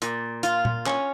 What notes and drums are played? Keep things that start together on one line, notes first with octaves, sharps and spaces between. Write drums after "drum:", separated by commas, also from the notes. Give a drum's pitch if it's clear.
A#2, drum: hi-hat
F4, drum: hi-hat
drum: tom A#2
C#4, drum: clap